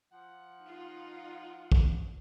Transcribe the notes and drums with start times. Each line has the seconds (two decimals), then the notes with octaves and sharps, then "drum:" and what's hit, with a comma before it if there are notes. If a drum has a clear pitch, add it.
0.12 F3 F#5
0.63 D#4 F4
1.72 drum: kick